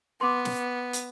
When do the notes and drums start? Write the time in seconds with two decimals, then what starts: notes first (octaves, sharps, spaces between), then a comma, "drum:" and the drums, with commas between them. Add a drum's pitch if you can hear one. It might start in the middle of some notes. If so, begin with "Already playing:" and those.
0.21 B3 C6 D6
0.45 drum: snare
0.93 drum: hi-hat